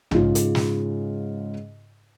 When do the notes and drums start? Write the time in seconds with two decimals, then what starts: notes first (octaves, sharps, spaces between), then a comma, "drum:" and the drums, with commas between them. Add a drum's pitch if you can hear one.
0.11 G#2 C#3 F4, drum: tom A#1
0.35 drum: hi-hat
0.55 drum: snare